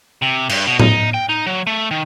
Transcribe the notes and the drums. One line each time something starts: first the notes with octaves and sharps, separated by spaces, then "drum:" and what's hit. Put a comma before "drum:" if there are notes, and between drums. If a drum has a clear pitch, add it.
C3
G2, drum: cymbal
B2
D#4, drum: tom A2
G5
D#4
F#3
A3
D#3